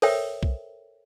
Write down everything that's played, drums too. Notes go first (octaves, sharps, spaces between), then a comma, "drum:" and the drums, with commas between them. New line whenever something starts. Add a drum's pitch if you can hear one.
A4 A#4 C5 C#5 E5 G5, drum: open hi-hat
drum: kick